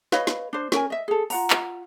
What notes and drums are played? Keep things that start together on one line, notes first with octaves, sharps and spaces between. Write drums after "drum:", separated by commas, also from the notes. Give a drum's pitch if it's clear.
B4 C#5 D#5 F5, drum: snare
drum: snare
D4 C5
C#4 A#4 G#5, drum: snare
D#5 E5
G#4 A4
F4 F#5 A#5, drum: open hi-hat
drum: clap